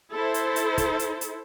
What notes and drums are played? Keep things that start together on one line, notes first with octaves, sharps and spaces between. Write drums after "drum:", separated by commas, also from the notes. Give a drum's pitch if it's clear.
E4 A4 C5
drum: hi-hat
drum: hi-hat
drum: kick, hi-hat
drum: hi-hat
drum: hi-hat